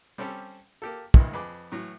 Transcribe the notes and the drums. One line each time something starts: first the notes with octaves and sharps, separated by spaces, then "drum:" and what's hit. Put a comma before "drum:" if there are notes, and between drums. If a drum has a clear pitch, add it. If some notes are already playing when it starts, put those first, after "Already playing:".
G3 C4 C#4 G4 A4
A#3 G4 A4
D2 G2 C3 E3 G#3 A#3, drum: kick
F2 G#4 B4 D6
A2 E3 F#3